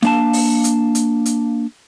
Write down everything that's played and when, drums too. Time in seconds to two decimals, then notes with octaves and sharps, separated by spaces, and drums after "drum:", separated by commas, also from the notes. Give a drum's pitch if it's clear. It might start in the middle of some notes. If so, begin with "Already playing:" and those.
0.03 A#3 D4 F5 A5, drum: snare
0.33 drum: open hi-hat
0.64 drum: hi-hat
0.95 drum: hi-hat
1.26 drum: hi-hat